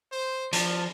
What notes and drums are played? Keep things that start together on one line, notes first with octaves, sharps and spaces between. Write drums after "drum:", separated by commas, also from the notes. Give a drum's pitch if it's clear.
C5
F3 D5 A5, drum: hi-hat